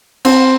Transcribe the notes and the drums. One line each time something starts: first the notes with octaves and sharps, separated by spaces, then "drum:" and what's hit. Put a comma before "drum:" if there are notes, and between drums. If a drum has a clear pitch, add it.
C4, drum: cymbal